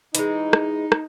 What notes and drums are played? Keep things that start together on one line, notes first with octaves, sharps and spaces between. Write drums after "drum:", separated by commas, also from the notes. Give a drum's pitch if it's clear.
E3 G#3 D#4, drum: hi-hat
drum: rim click
drum: rim click